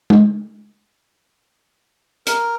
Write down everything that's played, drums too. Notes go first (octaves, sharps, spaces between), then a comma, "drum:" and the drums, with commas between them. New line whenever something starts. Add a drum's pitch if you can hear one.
drum: tom
A#4, drum: hi-hat